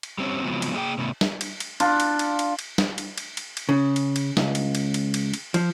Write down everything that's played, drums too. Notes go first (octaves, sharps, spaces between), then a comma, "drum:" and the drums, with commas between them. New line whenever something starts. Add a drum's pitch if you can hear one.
drum: cymbal
G3 C4 C#4
C#3 F3 F#3 G#3 B3 C4
drum: cymbal
A#3 G#4 D#5 G5
C3 A3 B3 C#4
drum: snare
drum: cymbal
drum: cymbal
D4 F4, drum: cymbal
drum: cymbal
drum: cymbal
drum: cymbal
drum: cymbal
drum: snare
drum: cymbal
drum: cymbal
drum: cymbal
drum: cymbal
C#3
drum: cymbal
drum: cymbal
C#2, drum: snare
drum: cymbal
drum: cymbal
drum: cymbal
drum: cymbal
drum: cymbal
F3, drum: cymbal